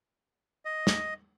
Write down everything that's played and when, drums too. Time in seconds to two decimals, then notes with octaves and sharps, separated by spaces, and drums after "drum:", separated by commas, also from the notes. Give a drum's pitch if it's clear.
0.65 D#5
0.87 drum: snare